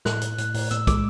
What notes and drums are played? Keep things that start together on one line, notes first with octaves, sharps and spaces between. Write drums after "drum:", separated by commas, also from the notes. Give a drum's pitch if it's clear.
A2 F#6, drum: snare
A2, drum: hi-hat
A2, drum: hi-hat
A2, drum: open hi-hat
A2 E6, drum: hi-hat
G#3 D6, drum: kick, hi-hat